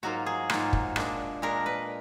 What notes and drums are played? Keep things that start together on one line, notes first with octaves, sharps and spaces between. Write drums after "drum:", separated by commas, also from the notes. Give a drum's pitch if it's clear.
G#2 F#3 A#3 F4 F#4
G#4
G#2 F#3 A#3 F4, drum: rim click
drum: kick
A#2 G#3 D4, drum: rim click
A#2 G#3 D4 A#4
B4